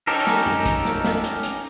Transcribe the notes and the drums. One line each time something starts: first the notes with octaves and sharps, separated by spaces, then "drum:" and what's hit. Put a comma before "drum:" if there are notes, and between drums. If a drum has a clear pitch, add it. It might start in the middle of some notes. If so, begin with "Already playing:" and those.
C#4 D#4 G4 A4 A#4, drum: open hi-hat
drum: snare
drum: tom
drum: kick, hi-hat
drum: snare
drum: snare
drum: hi-hat
drum: hi-hat